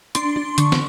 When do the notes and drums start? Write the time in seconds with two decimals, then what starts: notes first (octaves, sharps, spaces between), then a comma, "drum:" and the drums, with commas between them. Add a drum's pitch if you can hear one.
0.15 D4 C6, drum: hi-hat
0.36 D4
0.58 D3 C#6, drum: hi-hat
0.72 drum: snare